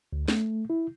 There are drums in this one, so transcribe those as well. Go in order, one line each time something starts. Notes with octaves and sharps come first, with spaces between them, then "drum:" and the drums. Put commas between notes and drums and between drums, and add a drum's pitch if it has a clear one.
D2
A3, drum: snare
E4